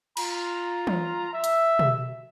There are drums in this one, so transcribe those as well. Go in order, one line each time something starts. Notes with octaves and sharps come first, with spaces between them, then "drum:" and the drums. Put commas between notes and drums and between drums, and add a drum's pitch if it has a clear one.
F4 A#5, drum: cymbal
drum: tom E3
E5
drum: hi-hat
drum: tom B2